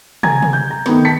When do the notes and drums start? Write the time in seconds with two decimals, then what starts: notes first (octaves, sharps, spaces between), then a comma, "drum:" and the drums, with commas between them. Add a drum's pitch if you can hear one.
0.23 G#5 A#5 G#6, drum: tom
0.42 drum: tom
0.53 G6
0.71 A#5
0.86 D#3 A3 B3, drum: snare
1.05 A5 B6 C#7